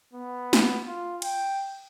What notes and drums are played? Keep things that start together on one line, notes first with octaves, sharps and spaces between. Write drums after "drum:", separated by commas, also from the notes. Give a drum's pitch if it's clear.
B3
drum: snare
F4
G5, drum: cymbal